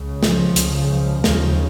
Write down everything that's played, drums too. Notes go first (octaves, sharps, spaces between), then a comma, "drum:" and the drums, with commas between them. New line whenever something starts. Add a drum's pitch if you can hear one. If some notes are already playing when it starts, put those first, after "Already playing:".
Already playing: C#2 C#3
F3, drum: snare
C#2 C#3, drum: hi-hat
F3
D#2 C#3 F3, drum: snare